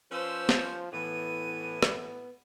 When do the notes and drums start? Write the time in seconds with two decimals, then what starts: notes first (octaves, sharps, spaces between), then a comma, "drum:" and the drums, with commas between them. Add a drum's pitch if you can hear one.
0.12 F3 C#4 B4 C5 E6
0.49 drum: snare
0.93 A2 E3 B3 D#7
1.83 B3, drum: rim click